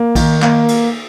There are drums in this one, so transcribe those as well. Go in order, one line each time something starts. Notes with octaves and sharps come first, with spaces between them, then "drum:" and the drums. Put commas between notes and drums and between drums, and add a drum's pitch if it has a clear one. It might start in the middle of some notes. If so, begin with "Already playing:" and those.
Already playing: A#3
D#3, drum: kick A#1, cymbal
A#3, drum: clap
drum: cymbal